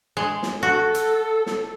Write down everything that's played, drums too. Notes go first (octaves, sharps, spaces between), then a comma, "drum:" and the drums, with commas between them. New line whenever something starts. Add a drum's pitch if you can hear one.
G#3
drum: snare
F#4 A4
drum: hi-hat
drum: snare